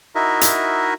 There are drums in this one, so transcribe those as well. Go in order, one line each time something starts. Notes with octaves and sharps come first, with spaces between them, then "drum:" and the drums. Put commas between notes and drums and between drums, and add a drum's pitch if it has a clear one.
D#4 E4 F#4 A#4 D#5 E5
drum: hi-hat